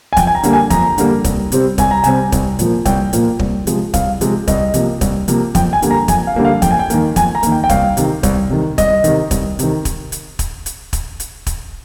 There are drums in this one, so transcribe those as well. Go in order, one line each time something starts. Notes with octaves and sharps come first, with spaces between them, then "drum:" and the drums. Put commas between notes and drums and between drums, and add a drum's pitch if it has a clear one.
G#5
F2 G5, drum: kick, hi-hat
G#5
A#5
D3 G3 A#3, drum: hi-hat
G#5
F2 A#5, drum: kick, hi-hat
D3 G3 A#3, drum: hi-hat
C2, drum: kick, hi-hat
C3 G3 C4, drum: hi-hat
C2 G#5, drum: kick, hi-hat
A#5
C3 G3 C4 G#5, drum: hi-hat
C2, drum: kick, hi-hat
A#2 F3 A#3, drum: hi-hat
C2 G5, drum: kick, hi-hat
A#2 F3 A#3, drum: hi-hat
C2, drum: kick
C3 F3 G#3, drum: hi-hat
C2 F5, drum: kick, hi-hat
C3 F3 G#3, drum: hi-hat
C2 D#5, drum: kick, hi-hat
C3 F3 A#3, drum: hi-hat
C2, drum: kick, hi-hat
C3 F3 A#3, drum: hi-hat
F2 G5, drum: kick, hi-hat
G#5
D3 G3 A#3, drum: hi-hat
A#5
F2 G#5, drum: kick, hi-hat
F5
D3 G3 A#3
F5
F2 G5, drum: kick, hi-hat
G#5
G5
D#3 A#3, drum: hi-hat
F2 G#5, drum: kick, hi-hat
A#5
D#3 A#3, drum: hi-hat
G5
G5
C2 F5, drum: kick, hi-hat
C3 D#3, drum: hi-hat
C2, drum: kick, hi-hat
C3 D#3
C2 D#5, drum: kick, hi-hat
C3 D#3, drum: hi-hat
C2, drum: kick, hi-hat
C3 D#3, drum: hi-hat
drum: kick, hi-hat
drum: hi-hat
drum: kick, hi-hat
drum: hi-hat
drum: kick, hi-hat
drum: hi-hat
drum: kick, hi-hat